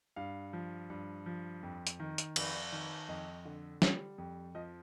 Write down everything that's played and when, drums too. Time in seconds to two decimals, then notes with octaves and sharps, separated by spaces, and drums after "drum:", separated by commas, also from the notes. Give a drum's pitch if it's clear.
0.16 G2 F5
0.53 F3
0.90 G2
1.26 F3
1.63 F2
1.87 drum: hi-hat
2.00 D#3
2.18 drum: hi-hat
2.36 F2, drum: cymbal
2.72 D#3
3.08 F2 D#5
3.45 D3
3.82 G3, drum: snare
4.18 F2
4.55 F3 D#5